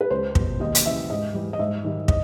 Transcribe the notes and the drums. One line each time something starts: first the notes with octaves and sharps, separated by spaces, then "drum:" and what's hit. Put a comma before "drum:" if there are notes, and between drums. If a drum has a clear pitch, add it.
B4
C#2 C5
B2 G3, drum: kick
D#2 D#5
drum: hi-hat
C#3 E3 E5
G#2 D#5
E3 G3
D#5
G#2 E5
D#3 G3
D#5, drum: kick